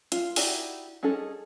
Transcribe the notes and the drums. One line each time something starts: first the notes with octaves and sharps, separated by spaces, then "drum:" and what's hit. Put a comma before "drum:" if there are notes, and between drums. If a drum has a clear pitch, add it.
F4, drum: hi-hat
D#4 E4 F#4 G4 D5, drum: open hi-hat
C#4 D#4 G#4 A4